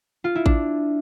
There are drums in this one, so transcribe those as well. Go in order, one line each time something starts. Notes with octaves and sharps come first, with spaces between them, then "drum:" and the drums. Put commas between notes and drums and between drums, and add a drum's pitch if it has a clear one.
F4
E4
D4, drum: kick A1